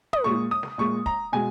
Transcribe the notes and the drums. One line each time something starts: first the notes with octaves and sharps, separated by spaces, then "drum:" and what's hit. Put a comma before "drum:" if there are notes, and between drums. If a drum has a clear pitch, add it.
D#6, drum: tom
A#2 G#3 C#6
D#6
drum: snare
A#2 G#3 C#6
A#5, drum: kick
B2 G#3 G#5